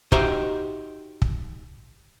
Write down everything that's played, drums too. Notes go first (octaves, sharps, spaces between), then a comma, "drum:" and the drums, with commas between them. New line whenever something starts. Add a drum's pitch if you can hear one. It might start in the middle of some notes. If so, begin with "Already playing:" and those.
D#4 F#4 G4 C5 D#5 E5, drum: kick
drum: kick